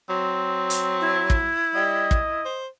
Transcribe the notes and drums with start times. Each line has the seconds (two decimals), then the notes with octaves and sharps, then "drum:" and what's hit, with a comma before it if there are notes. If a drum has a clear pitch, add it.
0.10 F#3 C4
0.70 drum: hi-hat
1.01 E4
1.30 drum: kick
1.75 G3 D#5
2.11 drum: kick
2.46 C5